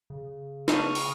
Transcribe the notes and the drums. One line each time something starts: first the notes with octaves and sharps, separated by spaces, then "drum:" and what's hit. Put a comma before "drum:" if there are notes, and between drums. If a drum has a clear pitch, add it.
C#3
C#6 D#6 F6, drum: snare
drum: open hi-hat